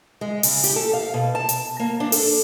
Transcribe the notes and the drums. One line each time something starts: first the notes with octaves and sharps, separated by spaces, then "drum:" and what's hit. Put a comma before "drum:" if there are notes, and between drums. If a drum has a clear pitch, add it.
G#3
C#3, drum: open hi-hat
G4, drum: hi-hat
A4
F5
B2
A5
drum: hi-hat
A#3
D4
A4, drum: open hi-hat